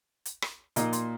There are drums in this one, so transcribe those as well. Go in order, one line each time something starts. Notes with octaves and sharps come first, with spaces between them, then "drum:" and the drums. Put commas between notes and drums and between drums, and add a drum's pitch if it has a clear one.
drum: hi-hat
drum: rim click
A#2 A#3 D#4 D#5, drum: hi-hat
C6, drum: hi-hat